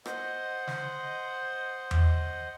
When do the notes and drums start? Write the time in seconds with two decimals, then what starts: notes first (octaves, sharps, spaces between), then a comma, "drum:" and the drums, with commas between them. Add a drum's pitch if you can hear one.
0.06 C5 D#5 F#5, drum: rim click
0.67 drum: snare
1.91 drum: tom E2